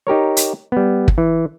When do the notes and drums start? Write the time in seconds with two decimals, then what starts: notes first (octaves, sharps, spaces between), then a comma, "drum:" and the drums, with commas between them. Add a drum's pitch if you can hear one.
0.07 D#4 G4 A#4 C#5
0.37 drum: hi-hat
0.72 G3 B3
1.08 drum: kick
1.18 E3